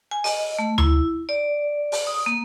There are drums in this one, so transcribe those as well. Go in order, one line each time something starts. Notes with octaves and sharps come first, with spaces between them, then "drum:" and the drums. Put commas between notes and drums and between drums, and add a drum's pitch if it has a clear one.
G#5
D#5, drum: open hi-hat
A3
E4, drum: tom D2
D5
drum: open hi-hat
D#6
A#3